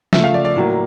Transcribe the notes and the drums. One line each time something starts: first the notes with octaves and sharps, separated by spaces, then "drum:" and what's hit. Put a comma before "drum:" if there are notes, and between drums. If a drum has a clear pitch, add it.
C#3 F3 A3 E5, drum: snare
F5
D5
D5
A2 F#3 A#3